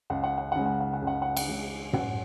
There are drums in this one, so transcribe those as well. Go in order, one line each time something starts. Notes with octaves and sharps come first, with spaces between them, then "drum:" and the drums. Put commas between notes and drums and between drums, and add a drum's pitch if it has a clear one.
C#2 F#5
F#5
F#5
F#5
C#3 G#3
F#5
F#5
F#5
C#2
F#5
F#5
F#5, drum: cymbal
C#3 G#3
F#2 F#5, drum: tom